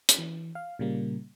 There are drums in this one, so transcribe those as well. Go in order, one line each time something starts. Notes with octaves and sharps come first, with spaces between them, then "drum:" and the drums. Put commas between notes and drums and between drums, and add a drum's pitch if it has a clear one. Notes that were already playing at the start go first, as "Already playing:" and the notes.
drum: hi-hat
E3
F5
A#2 C#3 G3 A#3